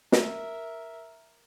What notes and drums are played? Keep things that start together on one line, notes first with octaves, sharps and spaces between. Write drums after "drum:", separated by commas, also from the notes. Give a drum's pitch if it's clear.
A#4 E5, drum: snare